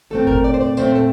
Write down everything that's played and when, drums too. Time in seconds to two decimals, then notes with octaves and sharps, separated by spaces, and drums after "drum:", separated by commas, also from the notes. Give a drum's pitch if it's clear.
0.10 A#2 A3 C4 A4
0.27 A#4, drum: kick G1
0.44 D5
0.54 C5
0.61 D5
0.77 A#2 A3 C4 C5, drum: tambourine
0.95 A4